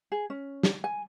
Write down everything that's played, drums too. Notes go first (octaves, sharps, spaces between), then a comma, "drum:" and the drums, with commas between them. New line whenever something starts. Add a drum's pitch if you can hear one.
G#4
C#4
drum: snare
G#5